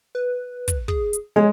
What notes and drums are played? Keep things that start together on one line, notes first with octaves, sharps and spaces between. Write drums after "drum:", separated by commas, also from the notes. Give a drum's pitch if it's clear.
B4
drum: kick, hi-hat
G#4, drum: kick
drum: hi-hat
G#3 C#5